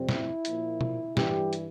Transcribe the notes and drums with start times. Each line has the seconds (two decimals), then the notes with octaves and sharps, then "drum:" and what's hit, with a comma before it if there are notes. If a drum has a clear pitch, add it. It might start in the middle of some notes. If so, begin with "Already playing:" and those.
Already playing: F2 C3 G3 C4
0.09 E4, drum: snare
0.45 A#2 F3 A#3, drum: hi-hat
0.81 drum: tom B2
1.17 G2 E3 G3 G4, drum: snare
1.53 drum: hi-hat